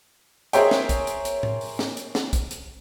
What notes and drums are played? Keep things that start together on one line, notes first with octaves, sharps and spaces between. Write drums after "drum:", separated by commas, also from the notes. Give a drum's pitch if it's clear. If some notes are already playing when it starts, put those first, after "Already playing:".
G#4 A#4 C5 C#5 E5 G5, drum: hi-hat
drum: snare
drum: kick, hi-hat
drum: hi-hat
drum: hi-hat
drum: tom A2
drum: open hi-hat
drum: snare
drum: hi-hat
drum: snare
drum: kick, hi-hat
drum: hi-hat